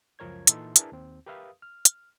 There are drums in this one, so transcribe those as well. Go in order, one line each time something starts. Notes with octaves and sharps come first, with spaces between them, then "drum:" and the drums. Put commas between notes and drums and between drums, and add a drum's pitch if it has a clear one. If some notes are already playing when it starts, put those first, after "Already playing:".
C#2 F#2 F3 A#4 C#5 G#6
A#2 E3 D#4 A4 E5 C6, drum: hi-hat
D4 E4 G#4 A#4 B4 A5, drum: hi-hat
D#2 C4
G4 A#4 B4 E5 F5 D#6
F6
drum: hi-hat